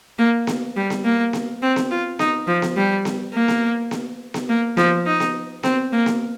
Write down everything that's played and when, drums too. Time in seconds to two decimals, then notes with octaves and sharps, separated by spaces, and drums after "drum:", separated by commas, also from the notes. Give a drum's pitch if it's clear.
0.18 A#3
0.47 drum: snare B3
0.76 G3
0.90 drum: snare B3
1.04 A#3
1.33 drum: snare B3
1.62 C4
1.76 drum: snare B3
1.91 F4
2.19 D#4, drum: snare B3
2.47 F3
2.62 drum: snare B3
2.77 G3
3.05 drum: snare B3
3.34 A#3
3.48 drum: snare B3
3.91 drum: snare B3
4.34 drum: snare B3
4.49 A#3
4.77 F3, drum: snare B3
5.06 D#4
5.20 drum: snare B3
5.63 C4, drum: snare B3
5.92 A#3
6.06 drum: snare B3